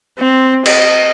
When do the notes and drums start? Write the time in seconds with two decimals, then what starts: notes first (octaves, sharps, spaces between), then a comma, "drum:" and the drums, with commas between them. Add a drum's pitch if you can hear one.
0.19 C4
0.66 D#5, drum: cymbal